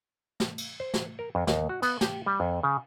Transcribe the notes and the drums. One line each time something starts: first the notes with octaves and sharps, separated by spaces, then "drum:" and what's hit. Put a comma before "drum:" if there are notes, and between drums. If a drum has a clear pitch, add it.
drum: snare
drum: cymbal
C5
drum: snare
A#4
F2
D#2, drum: snare
F#4
B3, drum: cymbal
G4, drum: snare
G3
F2
C#3